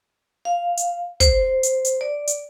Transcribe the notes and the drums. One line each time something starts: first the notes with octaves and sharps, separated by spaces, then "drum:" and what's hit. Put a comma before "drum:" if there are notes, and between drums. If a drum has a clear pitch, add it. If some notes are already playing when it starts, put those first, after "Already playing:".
F5
drum: hi-hat
C5, drum: kick, hi-hat
drum: hi-hat
drum: hi-hat
D5
drum: hi-hat